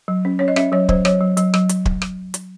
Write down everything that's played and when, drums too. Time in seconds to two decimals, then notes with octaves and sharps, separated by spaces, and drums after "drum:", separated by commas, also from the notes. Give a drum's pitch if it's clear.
0.08 F#3
0.25 C#4
0.39 C#4 C#5
0.48 D#5
0.56 C#4 E5, drum: rim click
0.72 F#3 C#5
0.89 F#3 C5, drum: kick
1.05 F#3 C#5, drum: rim click
1.21 F#3
1.37 F#3, drum: hi-hat
1.54 F#3, drum: rim click
1.69 drum: hi-hat
1.85 drum: kick
2.02 drum: rim click
2.34 drum: hi-hat